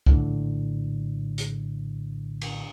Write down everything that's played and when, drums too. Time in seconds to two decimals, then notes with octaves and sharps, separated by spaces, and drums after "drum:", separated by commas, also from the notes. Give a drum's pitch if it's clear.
0.06 A#1 A2 D3, drum: kick
1.38 drum: hi-hat
2.41 drum: cymbal